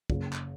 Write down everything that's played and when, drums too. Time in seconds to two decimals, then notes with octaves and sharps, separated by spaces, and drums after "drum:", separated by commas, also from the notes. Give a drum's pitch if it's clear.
0.10 F#1, drum: kick
0.33 drum: clap